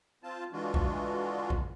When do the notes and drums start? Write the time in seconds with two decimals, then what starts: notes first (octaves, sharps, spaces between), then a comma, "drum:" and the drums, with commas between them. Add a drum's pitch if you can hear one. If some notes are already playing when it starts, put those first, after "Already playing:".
0.23 C4 F4 A5
0.52 D3 E3 G#3 D4 F4 F#4
0.74 drum: kick A#1
1.50 drum: kick A#1